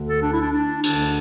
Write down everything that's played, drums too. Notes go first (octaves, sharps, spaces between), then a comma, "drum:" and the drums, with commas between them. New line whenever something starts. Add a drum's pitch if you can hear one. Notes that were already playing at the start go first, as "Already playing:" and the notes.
Already playing: D2 D3
A4
D4
E4
D4
D4
D2 D3 D4, drum: cymbal